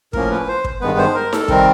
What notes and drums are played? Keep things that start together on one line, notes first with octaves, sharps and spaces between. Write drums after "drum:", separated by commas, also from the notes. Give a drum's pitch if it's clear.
A2 F3 A#3 C#4 A#4, drum: kick
B4
C5
drum: kick
G2 D#3 G#3 B3 B4
C5
A#4
A4, drum: snare D#4
C3 D#3 G3 C4 A#4, drum: kick